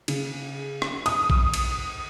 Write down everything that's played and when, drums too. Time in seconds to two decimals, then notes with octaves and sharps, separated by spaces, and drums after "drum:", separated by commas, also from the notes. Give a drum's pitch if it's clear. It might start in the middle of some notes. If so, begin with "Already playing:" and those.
0.08 C#3, drum: cymbal
0.82 drum: rim click
1.06 D#6, drum: cymbal
1.30 drum: kick A#1
1.54 drum: cymbal